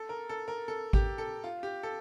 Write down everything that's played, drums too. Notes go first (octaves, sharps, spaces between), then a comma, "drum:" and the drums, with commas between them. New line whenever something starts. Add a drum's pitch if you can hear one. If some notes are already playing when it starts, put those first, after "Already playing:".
Already playing: A4
A#4
A4
A#4
A4
G4, drum: kick G#1
A4
F4
G4
A4